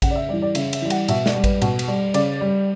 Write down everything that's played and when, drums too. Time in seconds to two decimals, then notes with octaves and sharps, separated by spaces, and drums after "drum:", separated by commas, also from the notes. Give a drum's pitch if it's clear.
0.02 C#3 F#5, drum: kick A1, cymbal
0.11 D5
0.16 E5
0.29 E3 G3 D5
0.42 D5
0.55 C#3 E5, drum: cymbal
0.73 E5, drum: cymbal
0.82 E3 G3
0.90 F#5, drum: cymbal
1.08 B2 E5, drum: cymbal
1.26 D5, drum: snare
1.35 G3
1.44 B4, drum: kick A1, cymbal
1.62 B2, drum: cymbal
1.79 drum: cymbal
1.88 G3
2.14 C#3 D5, drum: cymbal
2.41 G3